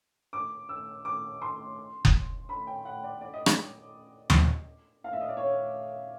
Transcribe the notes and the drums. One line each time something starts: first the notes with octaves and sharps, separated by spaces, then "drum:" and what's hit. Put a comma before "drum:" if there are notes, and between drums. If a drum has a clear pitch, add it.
D6
E6
D6
C6
drum: kick F#1
B5
G5
F#5
D5
D5
D#5
D5, drum: rim click
drum: tom D#2
F5
E5
D#5
D5
C#5